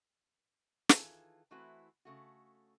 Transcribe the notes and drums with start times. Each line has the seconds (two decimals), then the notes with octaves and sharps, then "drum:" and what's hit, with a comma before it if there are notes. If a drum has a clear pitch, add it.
0.89 D#3 E3 F4 G#4 A4 A5, drum: snare
1.51 E3 A3 C4 E4 F#4 B4
2.05 C#3 A3 F#4